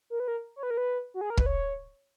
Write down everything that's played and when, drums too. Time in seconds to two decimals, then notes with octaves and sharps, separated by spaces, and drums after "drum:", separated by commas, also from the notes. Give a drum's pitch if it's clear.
0.10 A#4
0.20 B4
0.28 A#4
0.56 C#5
0.63 B4
0.71 A#4
0.77 B4
1.14 F#4
1.21 G#4
1.30 A#4
1.37 B4, drum: kick
1.46 C#5